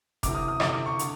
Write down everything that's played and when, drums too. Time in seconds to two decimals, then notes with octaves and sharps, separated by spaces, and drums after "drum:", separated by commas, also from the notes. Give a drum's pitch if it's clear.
0.23 D2 C3 E3 D6, drum: kick F1, hi-hat
0.35 D#6
0.48 D#6
0.60 D2 C3 E3 D6, drum: rim click
0.73 D6
0.86 C#6
0.99 D3, drum: hi-hat